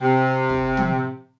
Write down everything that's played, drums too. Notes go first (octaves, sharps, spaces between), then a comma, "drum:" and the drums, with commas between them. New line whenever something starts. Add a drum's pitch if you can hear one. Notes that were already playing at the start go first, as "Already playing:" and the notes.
C3
drum: kick
drum: tom